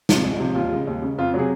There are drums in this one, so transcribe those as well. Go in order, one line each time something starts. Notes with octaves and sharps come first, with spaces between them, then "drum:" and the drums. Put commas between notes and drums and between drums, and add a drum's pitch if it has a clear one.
C3 F3, drum: snare
C#2
C3 F3
D#2 F4
C#3 G#3
D#2
C#3 G#3
F2 F4
C3 F#3 G#4